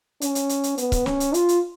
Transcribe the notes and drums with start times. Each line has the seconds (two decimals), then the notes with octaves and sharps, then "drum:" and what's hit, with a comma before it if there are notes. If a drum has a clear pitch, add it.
0.21 C#4, drum: hi-hat
0.35 drum: hi-hat
0.49 drum: hi-hat
0.64 drum: hi-hat
0.78 B3, drum: hi-hat
0.92 drum: kick, hi-hat
1.06 C#4, drum: snare
1.20 drum: hi-hat
1.34 F4, drum: hi-hat
1.49 drum: hi-hat